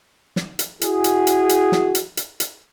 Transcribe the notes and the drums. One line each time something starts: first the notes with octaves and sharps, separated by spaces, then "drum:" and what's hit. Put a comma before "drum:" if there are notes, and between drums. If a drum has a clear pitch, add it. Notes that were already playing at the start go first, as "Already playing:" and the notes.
drum: snare
drum: hi-hat
E4 F#4 G#4, drum: hi-hat
drum: hi-hat
drum: hi-hat
drum: hi-hat
drum: snare
drum: hi-hat
drum: hi-hat
drum: hi-hat